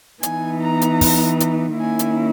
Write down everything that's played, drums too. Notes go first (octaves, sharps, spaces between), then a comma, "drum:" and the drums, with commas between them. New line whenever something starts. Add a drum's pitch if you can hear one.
E3 B3 D#4 G#5, drum: hi-hat
A#5
drum: hi-hat
drum: kick, open hi-hat
drum: hi-hat
D#3 A#3 C#4 E4 G#5
drum: hi-hat